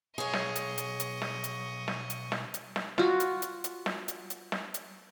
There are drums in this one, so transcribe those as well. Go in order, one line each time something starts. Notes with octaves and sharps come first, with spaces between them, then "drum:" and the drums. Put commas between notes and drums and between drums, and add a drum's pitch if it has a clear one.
B1 G#4 C#5 D#5 C#6
drum: snare
drum: hi-hat
drum: hi-hat
drum: hi-hat
drum: snare
drum: hi-hat
drum: snare
drum: hi-hat
drum: snare
drum: hi-hat
drum: snare
F4 F#4, drum: snare
drum: hi-hat
drum: hi-hat
drum: hi-hat
drum: snare
drum: hi-hat
drum: hi-hat
drum: snare
drum: hi-hat